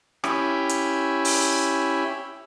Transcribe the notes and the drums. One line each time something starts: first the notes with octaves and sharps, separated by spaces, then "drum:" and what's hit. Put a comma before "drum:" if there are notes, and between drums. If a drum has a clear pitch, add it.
C#4 E4 G4, drum: rim click
drum: hi-hat
drum: open hi-hat